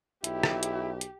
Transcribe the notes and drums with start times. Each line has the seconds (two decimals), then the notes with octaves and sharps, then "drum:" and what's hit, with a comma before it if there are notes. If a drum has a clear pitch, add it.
0.24 B1 E4 G4, drum: hi-hat
0.43 drum: rim click
0.63 drum: hi-hat
1.01 drum: hi-hat